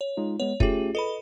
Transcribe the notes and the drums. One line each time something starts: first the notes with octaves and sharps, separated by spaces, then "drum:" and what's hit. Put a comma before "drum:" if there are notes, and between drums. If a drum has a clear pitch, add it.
C#5
G#3 D#4 F4
G#3 B3 C#5
A3 C#4 F4 G4 G#4, drum: kick F#1
A4 B4 D#5 B5